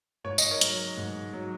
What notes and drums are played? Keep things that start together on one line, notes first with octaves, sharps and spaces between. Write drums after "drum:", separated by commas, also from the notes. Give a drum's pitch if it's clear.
G#2 C#5
D#5, drum: tambourine
A#4 C#5
F#3, drum: hi-hat
G#2
F#3